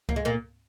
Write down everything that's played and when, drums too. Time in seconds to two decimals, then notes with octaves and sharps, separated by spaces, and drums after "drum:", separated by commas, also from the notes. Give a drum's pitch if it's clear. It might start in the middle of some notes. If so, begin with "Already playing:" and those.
0.09 A#3, drum: kick C#2
0.16 G#3
0.25 A#2 A#3